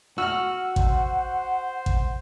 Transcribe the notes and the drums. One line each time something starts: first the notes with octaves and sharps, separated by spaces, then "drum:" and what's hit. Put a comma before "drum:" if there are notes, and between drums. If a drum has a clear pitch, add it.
F#4 F#5 E6 F6
C5, drum: kick A1
drum: kick A1